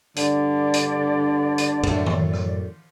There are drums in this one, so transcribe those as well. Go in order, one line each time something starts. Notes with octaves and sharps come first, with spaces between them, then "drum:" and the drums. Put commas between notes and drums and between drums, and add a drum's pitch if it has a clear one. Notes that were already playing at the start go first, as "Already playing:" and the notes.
G2 D3 D5, drum: hi-hat
drum: hi-hat
drum: hi-hat
F#2 A2, drum: cymbal
drum: tom D#3
drum: rim click